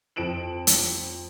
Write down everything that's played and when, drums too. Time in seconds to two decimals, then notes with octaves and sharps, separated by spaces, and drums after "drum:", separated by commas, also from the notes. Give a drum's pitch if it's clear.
0.16 F2 D7 E7 F#7
0.67 drum: hi-hat